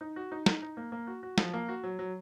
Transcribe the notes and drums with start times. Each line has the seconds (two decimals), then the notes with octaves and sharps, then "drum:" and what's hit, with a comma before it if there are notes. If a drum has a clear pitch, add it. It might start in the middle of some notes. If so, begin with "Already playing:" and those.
0.01 D#4
0.16 F#4
0.32 D#4
0.46 D#4, drum: snare
0.62 D#4
0.77 A#3
0.92 A#3
1.07 F#4
1.23 F#4
1.38 F3, drum: snare
1.53 A#3
1.68 F#4
1.83 F#3
1.99 F#3